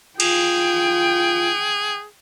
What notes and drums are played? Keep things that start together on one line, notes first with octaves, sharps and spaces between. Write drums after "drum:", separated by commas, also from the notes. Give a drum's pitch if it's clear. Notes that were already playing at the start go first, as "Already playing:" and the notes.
F4 G#4 G5, drum: cymbal